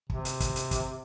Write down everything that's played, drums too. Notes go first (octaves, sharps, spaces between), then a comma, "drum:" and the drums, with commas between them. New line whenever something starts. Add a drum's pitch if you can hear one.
C3, drum: kick
drum: hi-hat
drum: kick, hi-hat
drum: hi-hat
drum: kick, hi-hat